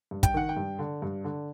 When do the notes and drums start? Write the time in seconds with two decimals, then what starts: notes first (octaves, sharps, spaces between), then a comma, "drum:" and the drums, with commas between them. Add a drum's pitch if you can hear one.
0.11 G2
0.23 G5, drum: kick, hi-hat
0.34 D#3 F#5
0.49 G5
0.57 G2
0.79 D3
1.02 G2
1.24 D3